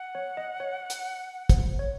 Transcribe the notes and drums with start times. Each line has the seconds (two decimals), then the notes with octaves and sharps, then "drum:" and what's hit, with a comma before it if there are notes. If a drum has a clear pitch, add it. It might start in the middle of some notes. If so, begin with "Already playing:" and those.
Already playing: F#5
0.15 C#5
0.37 D#5
0.60 C#5
0.90 drum: hi-hat
1.49 C5, drum: kick, hi-hat
1.79 C#5